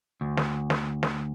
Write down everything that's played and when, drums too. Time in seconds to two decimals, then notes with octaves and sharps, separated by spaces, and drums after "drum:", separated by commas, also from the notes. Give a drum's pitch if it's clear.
0.21 D2
0.37 drum: snare
0.70 drum: snare
1.03 drum: snare